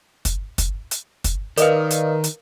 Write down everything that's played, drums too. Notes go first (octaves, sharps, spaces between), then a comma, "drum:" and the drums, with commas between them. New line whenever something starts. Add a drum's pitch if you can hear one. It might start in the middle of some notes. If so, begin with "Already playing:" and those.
drum: kick, hi-hat
drum: kick, hi-hat
drum: hi-hat
drum: kick, hi-hat
D#3 A#4 B4 D5 D#5 F5, drum: hi-hat
drum: hi-hat
drum: hi-hat